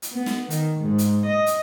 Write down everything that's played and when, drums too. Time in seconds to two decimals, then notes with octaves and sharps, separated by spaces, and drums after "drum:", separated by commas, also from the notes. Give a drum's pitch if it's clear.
0.02 drum: hi-hat
0.13 B3
0.26 drum: snare
0.50 D#3, drum: hi-hat
0.80 G#2
0.98 drum: hi-hat
1.26 D#5
1.46 drum: hi-hat